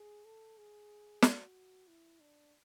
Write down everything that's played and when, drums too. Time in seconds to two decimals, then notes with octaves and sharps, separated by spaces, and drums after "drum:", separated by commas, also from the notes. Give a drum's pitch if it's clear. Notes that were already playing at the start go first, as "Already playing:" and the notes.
Already playing: G#4
0.25 A4
0.57 G#4
1.22 F#4, drum: snare
1.88 E4
2.20 D4